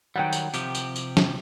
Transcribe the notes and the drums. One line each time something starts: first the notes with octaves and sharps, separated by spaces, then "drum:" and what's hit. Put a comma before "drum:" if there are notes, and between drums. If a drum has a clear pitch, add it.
D#3 F#3 G3 F#5 G5
drum: tambourine
C3 F3 G4, drum: tambourine
drum: tambourine
drum: tambourine
drum: snare